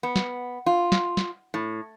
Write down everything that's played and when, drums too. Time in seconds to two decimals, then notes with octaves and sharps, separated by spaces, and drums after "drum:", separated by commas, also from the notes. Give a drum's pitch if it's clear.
0.03 B3
0.16 drum: snare
0.66 F4
0.92 drum: snare
1.17 drum: snare
1.54 A2